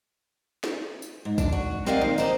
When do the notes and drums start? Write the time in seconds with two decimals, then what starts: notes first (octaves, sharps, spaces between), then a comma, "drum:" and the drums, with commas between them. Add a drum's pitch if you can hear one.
0.64 drum: snare
1.02 drum: tambourine
1.25 G#2
1.38 D4, drum: kick, tambourine
1.53 F#4
1.86 C4 A#4 D5 D#5 F5 F#5
2.01 D#2
2.18 C5 D5 D#5 A#5, drum: tambourine